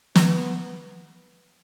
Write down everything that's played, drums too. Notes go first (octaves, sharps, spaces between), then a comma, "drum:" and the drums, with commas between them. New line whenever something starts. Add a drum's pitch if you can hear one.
B3, drum: snare